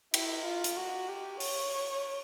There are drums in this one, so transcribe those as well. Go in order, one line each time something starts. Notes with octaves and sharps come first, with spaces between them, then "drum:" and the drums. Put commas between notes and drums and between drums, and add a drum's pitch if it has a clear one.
E4, drum: cymbal
F4
drum: hi-hat
F#4
G4
C#5, drum: open hi-hat